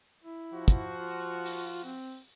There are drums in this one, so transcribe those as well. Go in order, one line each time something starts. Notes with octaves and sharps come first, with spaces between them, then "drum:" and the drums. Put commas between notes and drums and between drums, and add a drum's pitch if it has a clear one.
E4
F3 F#4
drum: kick, hi-hat
F4
drum: open hi-hat
C4